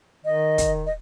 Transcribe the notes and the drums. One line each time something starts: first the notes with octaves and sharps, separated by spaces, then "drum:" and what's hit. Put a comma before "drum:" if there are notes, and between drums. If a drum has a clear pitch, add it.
D#3 D#5
drum: kick, hi-hat
D#5